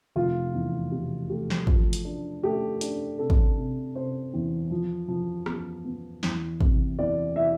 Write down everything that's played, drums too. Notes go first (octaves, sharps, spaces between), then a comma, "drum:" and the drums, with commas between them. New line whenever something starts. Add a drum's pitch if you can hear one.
F1 F4
E2
B2 G4
A3 G4
drum: snare
F3, drum: kick
drum: hi-hat
D4
A3 G4
D4, drum: hi-hat
C3 A4
drum: kick
C3
C3 C5
E2
F3
F3
B3, drum: rim click
B3
E2, drum: snare
C3, drum: kick
E2 D5
E3 E5